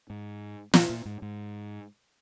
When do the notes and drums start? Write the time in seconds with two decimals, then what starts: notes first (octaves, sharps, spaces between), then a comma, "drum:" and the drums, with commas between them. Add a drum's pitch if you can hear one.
0.10 G#2
0.74 A#2, drum: snare
0.90 A#2
1.05 G#2
1.22 G#2